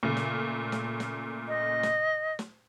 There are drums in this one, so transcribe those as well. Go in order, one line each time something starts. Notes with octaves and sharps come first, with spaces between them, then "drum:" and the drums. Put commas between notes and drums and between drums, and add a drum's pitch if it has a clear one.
A#2 C#3 A3
drum: snare
drum: snare
drum: snare
D#5
drum: snare
drum: snare